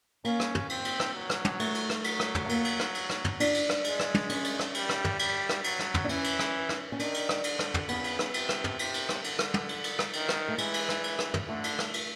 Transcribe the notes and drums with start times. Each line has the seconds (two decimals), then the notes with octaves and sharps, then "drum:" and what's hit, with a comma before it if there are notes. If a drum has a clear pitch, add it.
0.24 A#3 C#4, drum: cymbal
0.40 drum: rim click
0.55 drum: tom
0.69 C4, drum: cymbal
0.85 drum: cymbal
1.00 drum: rim click
1.14 F#3
1.30 drum: rim click
1.45 drum: tom
1.60 A3, drum: cymbal
1.75 drum: cymbal
1.90 drum: rim click
2.04 F#3, drum: cymbal
2.20 drum: rim click
2.35 drum: tom
2.45 A3
2.49 A#3, drum: cymbal
2.65 drum: cymbal
2.79 drum: rim click
2.94 drum: cymbal
3.09 drum: rim click
3.24 drum: tom
3.40 D4, drum: cymbal
3.54 drum: cymbal
3.69 drum: rim click
3.84 G#3, drum: cymbal
3.99 drum: rim click
4.14 drum: tom
4.29 C#4, drum: cymbal
4.44 drum: cymbal
4.59 drum: rim click
4.74 G3, drum: cymbal
4.89 drum: rim click
5.04 drum: tom
5.19 G3, drum: cymbal
5.49 drum: rim click
5.64 F#3, drum: cymbal
5.79 drum: rim click
5.94 drum: tom
6.04 D4
6.09 E3 C#4, drum: cymbal
6.24 drum: cymbal
6.39 drum: rim click
6.69 drum: rim click
6.92 C#4
6.99 D#3 D4, drum: cymbal
7.14 drum: cymbal
7.29 drum: rim click
7.44 D3, drum: cymbal
7.59 drum: rim click
7.74 drum: tom
7.88 C#3 B3, drum: cymbal
8.04 drum: cymbal
8.19 drum: rim click
8.34 C3, drum: cymbal
8.49 drum: rim click
8.64 drum: tom
8.79 C3, drum: cymbal
8.94 drum: cymbal
9.09 drum: rim click
9.24 D3, drum: cymbal
9.39 drum: rim click
9.54 drum: tom
9.69 drum: cymbal
9.84 drum: cymbal
9.99 drum: rim click
10.13 D#3, drum: cymbal
10.29 drum: rim click
10.48 A3
10.58 E3 G#3, drum: cymbal
10.74 drum: cymbal
10.89 drum: rim click
11.04 drum: cymbal
11.19 drum: rim click
11.34 drum: tom
11.49 D3 A3
11.64 drum: cymbal
11.79 drum: rim click
11.94 drum: cymbal